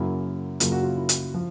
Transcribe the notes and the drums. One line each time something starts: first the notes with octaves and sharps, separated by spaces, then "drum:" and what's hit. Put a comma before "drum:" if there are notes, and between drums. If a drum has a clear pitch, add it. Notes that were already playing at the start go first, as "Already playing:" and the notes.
Already playing: F#2 C#3 F#3 A#3 E4 F#4
F#2 C#3 F#3 A#3 F4, drum: hi-hat
F#4
F4
E4
drum: hi-hat
F3